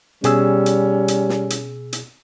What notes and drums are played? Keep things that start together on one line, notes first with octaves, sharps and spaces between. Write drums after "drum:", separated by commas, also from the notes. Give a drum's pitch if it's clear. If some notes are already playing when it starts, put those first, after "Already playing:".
B2 G3 C#4 G#4 E6, drum: hi-hat
drum: hi-hat
drum: hi-hat
drum: snare
drum: hi-hat
drum: hi-hat